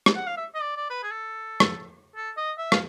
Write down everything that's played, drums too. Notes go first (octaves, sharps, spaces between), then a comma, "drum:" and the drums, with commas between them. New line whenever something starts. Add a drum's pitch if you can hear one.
drum: rim click
F#5
F5
E5
D#5
D5
D5
B4
G#4
A4
drum: rim click
A4
D#5
E5
F5, drum: rim click